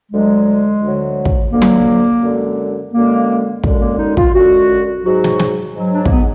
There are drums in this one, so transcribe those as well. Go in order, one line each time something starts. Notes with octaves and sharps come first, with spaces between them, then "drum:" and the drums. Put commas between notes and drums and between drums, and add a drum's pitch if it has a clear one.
D2 D3 F#3 G#3
D2 D3 F#3
drum: kick
D2 D3 F#3 A#3
drum: tom F#3
F#2 D3 G#3
F#2 D3 G#3 A#3
F#2 D3 G#3, drum: kick
A#3
D#4
F4, drum: kick
F#2 D3 G#3 F#4
G#2 F#3 F#4
drum: snare
drum: snare
G#2 F#3
D4
A#3, drum: kick
B3